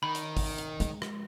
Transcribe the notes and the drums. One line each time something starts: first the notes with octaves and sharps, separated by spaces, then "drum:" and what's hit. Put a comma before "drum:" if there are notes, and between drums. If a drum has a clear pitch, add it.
D#3 B5
drum: hi-hat
drum: kick G#1, open hi-hat
drum: hi-hat
G#3, drum: hi-hat
drum: rim click